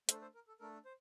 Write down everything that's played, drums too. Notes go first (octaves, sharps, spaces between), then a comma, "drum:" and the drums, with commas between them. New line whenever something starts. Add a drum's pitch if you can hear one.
A3 D4 A4 C5, drum: hi-hat
A4 C5
A#4
A4
A3 D4 A4 A#4
C5